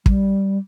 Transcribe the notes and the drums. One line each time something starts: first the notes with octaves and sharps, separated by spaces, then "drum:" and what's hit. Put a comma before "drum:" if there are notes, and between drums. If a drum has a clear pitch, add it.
G3, drum: kick